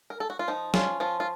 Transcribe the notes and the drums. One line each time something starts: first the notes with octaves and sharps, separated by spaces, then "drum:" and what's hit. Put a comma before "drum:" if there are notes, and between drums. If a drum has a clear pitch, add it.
A#4
A4
F#4
F4
F3 D#4
C#4 F4, drum: snare
F3 F4
F4